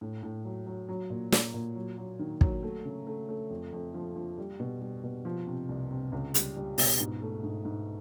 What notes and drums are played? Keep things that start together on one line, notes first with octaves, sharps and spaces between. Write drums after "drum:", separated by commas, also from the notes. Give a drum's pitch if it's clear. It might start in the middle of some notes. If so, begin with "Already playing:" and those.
A2
A2
F#3
F#3
F#3
A#2
A#2, drum: snare
A#2
F#3
F#3
D#3
F#3, drum: kick
A3
C#3
A3
A3
F2
F2
F3
F3
G3
B2
G3
B2
F3
C3
C2
C3
C#2
G3, drum: hi-hat
G3
B2, drum: open hi-hat
G#2
A3
G#2
G#2